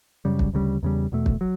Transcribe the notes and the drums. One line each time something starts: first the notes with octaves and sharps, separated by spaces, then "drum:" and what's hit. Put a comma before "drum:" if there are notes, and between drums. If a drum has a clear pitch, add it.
F#2 C#3 G3
drum: kick
D2 C#3 G3
E2 C#3 G3
E2 B2 A3
drum: kick
F#3